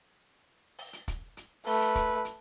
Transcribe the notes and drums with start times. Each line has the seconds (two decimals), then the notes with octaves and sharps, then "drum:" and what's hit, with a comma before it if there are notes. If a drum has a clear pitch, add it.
0.78 drum: open hi-hat
0.93 drum: hi-hat
1.08 drum: kick, hi-hat
1.37 drum: hi-hat
1.66 A3 B4, drum: open hi-hat
1.81 drum: hi-hat
1.95 drum: kick, hi-hat
2.25 drum: hi-hat